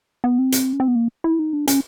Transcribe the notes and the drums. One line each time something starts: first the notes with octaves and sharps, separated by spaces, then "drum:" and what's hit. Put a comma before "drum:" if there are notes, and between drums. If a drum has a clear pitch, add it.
B3
C4
drum: hi-hat
C#4
C4
B3
A#3
E4
D#4
D4
C#4, drum: hi-hat